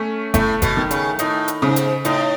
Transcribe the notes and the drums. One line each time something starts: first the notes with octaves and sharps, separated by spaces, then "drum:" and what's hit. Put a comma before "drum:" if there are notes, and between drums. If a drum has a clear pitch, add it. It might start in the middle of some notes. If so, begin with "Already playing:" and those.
Already playing: A3 C#4
A2 A3, drum: kick F#1, hi-hat
B2, drum: kick F#1, hi-hat
D#3
C#3, drum: hi-hat
A2 D#4, drum: hi-hat
drum: hi-hat
G#2 C#3
drum: hi-hat
A2 D#4, drum: hi-hat